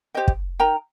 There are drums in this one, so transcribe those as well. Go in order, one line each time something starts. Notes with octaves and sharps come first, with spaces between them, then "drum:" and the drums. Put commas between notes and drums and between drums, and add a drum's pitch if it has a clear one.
G4 C5 D#5 G5
drum: kick
D#4 A#4 G5 A#5